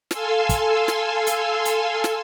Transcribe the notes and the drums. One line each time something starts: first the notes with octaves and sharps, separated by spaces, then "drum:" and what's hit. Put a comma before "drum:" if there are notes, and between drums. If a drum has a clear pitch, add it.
A4 F5 G#5 C6 E6, drum: snare
drum: kick, hi-hat
drum: snare
drum: hi-hat
drum: hi-hat
drum: snare